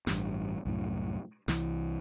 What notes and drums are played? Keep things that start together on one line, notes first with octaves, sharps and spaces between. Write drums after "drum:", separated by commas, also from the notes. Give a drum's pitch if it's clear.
A1 G2, drum: snare
C2 F#2 A2
C2 E3, drum: snare